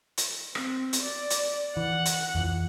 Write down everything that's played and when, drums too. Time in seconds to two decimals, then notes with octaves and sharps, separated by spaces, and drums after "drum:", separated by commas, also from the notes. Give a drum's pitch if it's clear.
0.17 drum: hi-hat
0.55 C4, drum: rim click
0.93 drum: hi-hat
1.02 D5
1.30 drum: hi-hat
1.77 E3 F#5
2.05 drum: hi-hat
2.35 F2 E3 F3